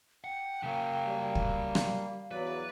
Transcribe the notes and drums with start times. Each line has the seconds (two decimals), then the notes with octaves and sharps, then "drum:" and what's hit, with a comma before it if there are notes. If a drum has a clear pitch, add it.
0.24 F#5 G5
0.63 C#3 F#3 A#3
1.05 G3
1.35 drum: kick
1.75 drum: rim click
1.95 F5
2.31 E2 F#3 B4 D5